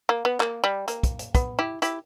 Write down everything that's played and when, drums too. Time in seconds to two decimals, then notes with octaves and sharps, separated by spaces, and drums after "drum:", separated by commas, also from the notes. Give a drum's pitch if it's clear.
0.09 A#3
0.25 B3
0.40 A#3, drum: clap
0.64 G3
0.88 A#3, drum: hi-hat
1.03 drum: kick, hi-hat
1.19 drum: hi-hat
1.35 B3, drum: kick, hi-hat
1.59 E4 G4
1.82 E4 G4, drum: hi-hat